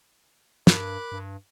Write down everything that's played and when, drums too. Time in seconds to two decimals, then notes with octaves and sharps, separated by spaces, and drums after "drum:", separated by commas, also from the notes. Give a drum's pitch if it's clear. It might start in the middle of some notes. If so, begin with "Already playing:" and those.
0.67 G2 A#4 B5 D6 F#6, drum: snare
1.12 G2